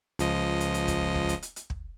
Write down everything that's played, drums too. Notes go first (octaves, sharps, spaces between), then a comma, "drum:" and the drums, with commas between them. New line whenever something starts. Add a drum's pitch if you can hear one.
C#2 F3 D#5, drum: hi-hat
drum: hi-hat
drum: hi-hat
drum: kick, hi-hat
drum: kick
drum: hi-hat
drum: hi-hat
drum: hi-hat
drum: kick